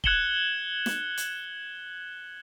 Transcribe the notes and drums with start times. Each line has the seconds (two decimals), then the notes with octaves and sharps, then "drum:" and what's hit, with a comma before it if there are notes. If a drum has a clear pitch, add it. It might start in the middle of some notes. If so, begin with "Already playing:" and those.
0.04 F#6 G#6 C#7 E7 F#7 G7, drum: kick
0.86 drum: snare
1.17 drum: hi-hat